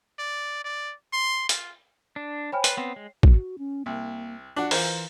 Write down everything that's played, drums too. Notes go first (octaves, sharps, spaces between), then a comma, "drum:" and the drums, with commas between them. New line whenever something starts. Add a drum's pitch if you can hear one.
D5
D5
C6
F4, drum: hi-hat
D4
C5 C#5 G5 G#5 B5 F6
B4 C6 A6 C7 F#7, drum: hi-hat
B3 C4
G#3
F#4, drum: kick
C#4
C2 A#3
D4 F4 F#4
E3 F4 A#4 C5, drum: open hi-hat